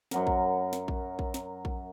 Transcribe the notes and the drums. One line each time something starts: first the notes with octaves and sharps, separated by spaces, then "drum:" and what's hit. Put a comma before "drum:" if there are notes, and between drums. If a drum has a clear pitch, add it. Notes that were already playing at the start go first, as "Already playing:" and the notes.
F#2 F#3 A#4, drum: snare
drum: kick A#1
drum: snare
drum: kick A#1
drum: kick A#1
drum: snare
drum: kick A#1